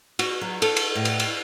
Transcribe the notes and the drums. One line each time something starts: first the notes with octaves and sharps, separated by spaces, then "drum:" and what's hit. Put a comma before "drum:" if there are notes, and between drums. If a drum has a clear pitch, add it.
F#4, drum: cymbal
F#3
A4, drum: cymbal
drum: cymbal
A2
drum: cymbal
drum: cymbal